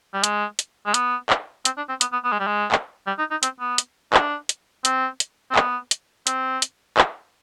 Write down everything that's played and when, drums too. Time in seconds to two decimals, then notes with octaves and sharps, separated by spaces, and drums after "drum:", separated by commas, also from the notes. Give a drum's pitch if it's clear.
0.14 G3
0.24 G#3, drum: hi-hat
0.59 drum: hi-hat
0.86 G#3
0.94 B3, drum: hi-hat
1.30 drum: clap
1.65 C4, drum: hi-hat
1.77 D4
1.89 C4
2.01 B3, drum: hi-hat
2.13 B3
2.24 B3
2.32 G#3
2.40 G3
2.47 G#3
2.72 drum: clap
3.07 G3
3.19 D#4
3.31 D#4
3.43 C4, drum: hi-hat
3.61 B3
3.78 drum: hi-hat
4.14 D4, drum: clap
4.49 drum: hi-hat
4.85 C4, drum: hi-hat
5.20 drum: hi-hat
5.51 C4
5.56 B3, drum: clap
5.91 drum: hi-hat
6.27 C4, drum: hi-hat
6.62 drum: hi-hat
6.98 drum: clap